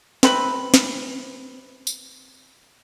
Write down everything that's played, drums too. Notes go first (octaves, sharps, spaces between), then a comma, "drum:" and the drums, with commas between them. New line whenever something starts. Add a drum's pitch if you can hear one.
C3 C4 B4 B5, drum: snare
drum: snare
drum: tambourine